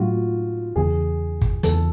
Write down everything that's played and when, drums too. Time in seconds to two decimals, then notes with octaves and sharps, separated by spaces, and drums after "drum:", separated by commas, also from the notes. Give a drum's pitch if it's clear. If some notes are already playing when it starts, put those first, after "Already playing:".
Already playing: A2 F#3 A3 D4 F4 F#4
0.76 E2 C#3 E3 G#4
1.42 drum: kick
1.63 E2 C#3 E3 A4, drum: hi-hat